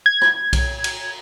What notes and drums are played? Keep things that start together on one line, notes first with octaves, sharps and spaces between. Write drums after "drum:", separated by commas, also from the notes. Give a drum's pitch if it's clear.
G#6
drum: rim click
drum: kick B1, cymbal
drum: cymbal